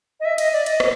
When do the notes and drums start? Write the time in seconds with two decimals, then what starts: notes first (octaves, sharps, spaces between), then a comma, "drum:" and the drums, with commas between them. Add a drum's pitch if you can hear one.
0.20 D#5
0.25 E5
0.38 D#5, drum: cymbal
0.53 D5
0.66 D#5, drum: cymbal
0.80 drum: rim click